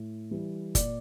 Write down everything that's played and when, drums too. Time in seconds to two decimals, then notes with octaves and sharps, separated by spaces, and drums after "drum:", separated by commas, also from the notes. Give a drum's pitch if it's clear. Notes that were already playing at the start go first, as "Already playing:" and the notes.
Already playing: A2
0.31 E3 G3
0.75 A#2 D5, drum: kick F#1, hi-hat